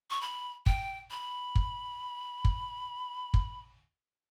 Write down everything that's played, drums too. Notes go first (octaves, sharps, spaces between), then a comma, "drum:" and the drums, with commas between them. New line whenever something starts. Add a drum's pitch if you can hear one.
C#6
B5
G5, drum: kick
B5
drum: kick
drum: kick
drum: kick